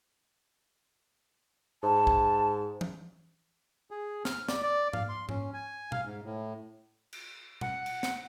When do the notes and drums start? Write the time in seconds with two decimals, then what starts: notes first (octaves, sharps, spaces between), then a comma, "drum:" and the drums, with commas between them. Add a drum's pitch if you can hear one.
1.83 G#2 A5
2.07 drum: kick
2.81 drum: tom
3.91 G#4
4.25 F6, drum: snare
4.49 D5, drum: snare
4.62 D5
4.93 F5, drum: tom G#2
5.09 C6
5.29 C#4, drum: tom G#2
5.54 G#5
5.92 F5, drum: tom B2
6.05 G#2
6.25 A2
7.13 drum: cymbal
7.61 F#5, drum: tom B2
7.86 drum: cymbal
8.03 drum: snare